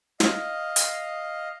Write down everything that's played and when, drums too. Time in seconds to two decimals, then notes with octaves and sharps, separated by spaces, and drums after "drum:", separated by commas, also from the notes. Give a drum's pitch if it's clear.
0.20 D#5 F5, drum: snare
0.76 drum: hi-hat